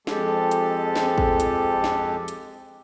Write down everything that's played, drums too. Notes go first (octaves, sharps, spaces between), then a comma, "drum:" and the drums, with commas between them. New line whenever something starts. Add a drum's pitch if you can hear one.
F2 G#3 G4 A4, drum: snare
drum: hi-hat
drum: snare
drum: kick
drum: hi-hat
drum: snare
drum: hi-hat